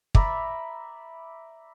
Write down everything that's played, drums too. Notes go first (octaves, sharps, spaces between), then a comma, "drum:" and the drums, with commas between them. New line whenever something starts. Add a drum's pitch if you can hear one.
D5 E5 A#5 B5, drum: kick